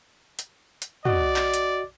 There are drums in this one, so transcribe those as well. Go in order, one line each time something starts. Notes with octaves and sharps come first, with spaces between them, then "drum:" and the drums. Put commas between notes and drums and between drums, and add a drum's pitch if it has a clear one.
drum: hi-hat
drum: hi-hat
F#4 D5 D#5, drum: tom
drum: clap
drum: hi-hat